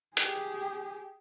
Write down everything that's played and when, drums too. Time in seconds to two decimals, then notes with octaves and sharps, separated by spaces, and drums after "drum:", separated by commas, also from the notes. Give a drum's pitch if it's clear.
0.17 G4 G#4, drum: hi-hat